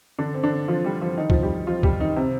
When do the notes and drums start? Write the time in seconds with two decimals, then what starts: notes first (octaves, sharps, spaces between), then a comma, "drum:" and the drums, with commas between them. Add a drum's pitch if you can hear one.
0.19 D3 D4
0.34 C4
0.43 D3 D4
0.68 F3 F4
0.84 G3 G4
1.01 F3 F4
1.17 D#3 D#4
1.30 F3 F4, drum: kick
1.43 G3 G4
1.67 F3 F4
1.83 G3 G4, drum: kick
2.00 D#3 D#4
2.16 C3 C4